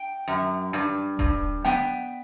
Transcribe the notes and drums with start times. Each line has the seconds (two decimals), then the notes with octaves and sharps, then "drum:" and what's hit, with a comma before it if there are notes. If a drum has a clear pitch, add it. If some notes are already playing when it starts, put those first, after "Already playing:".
Already playing: G5
0.28 F#2
0.73 G2
1.19 G2, drum: kick D#1
1.65 B3 G5, drum: snare